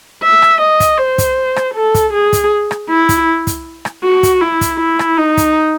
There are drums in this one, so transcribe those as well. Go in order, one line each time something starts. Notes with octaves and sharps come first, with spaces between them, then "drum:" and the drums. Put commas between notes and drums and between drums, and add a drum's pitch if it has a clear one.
E5
drum: rim click
D#5
drum: kick, hi-hat
C5
drum: kick, hi-hat
drum: rim click
A4
drum: kick, hi-hat
G#4
drum: kick, hi-hat
drum: rim click
E4
drum: kick, hi-hat
drum: kick, hi-hat
drum: rim click
F#4
drum: kick, hi-hat
E4
drum: kick, hi-hat
E4
drum: rim click
D#4
drum: kick, hi-hat